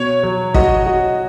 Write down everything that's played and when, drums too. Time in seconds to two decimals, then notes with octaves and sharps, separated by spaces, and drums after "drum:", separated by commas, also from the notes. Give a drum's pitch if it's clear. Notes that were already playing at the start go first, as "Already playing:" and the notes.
Already playing: B2 C#5
0.23 F#3
0.54 F#4 D#5, drum: kick
0.86 F#4